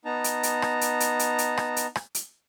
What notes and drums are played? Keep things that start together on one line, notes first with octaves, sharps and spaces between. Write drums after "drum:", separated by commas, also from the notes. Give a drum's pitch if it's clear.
B3 D#4 A5 A#5
drum: hi-hat
drum: hi-hat
drum: rim click
drum: hi-hat
drum: hi-hat
drum: hi-hat
drum: hi-hat
drum: rim click
drum: hi-hat
drum: rim click
drum: hi-hat